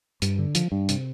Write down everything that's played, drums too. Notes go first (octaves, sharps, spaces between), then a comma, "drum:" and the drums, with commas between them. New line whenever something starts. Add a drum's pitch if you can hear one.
G2, drum: hi-hat
D3
F3, drum: hi-hat
G2
C3, drum: hi-hat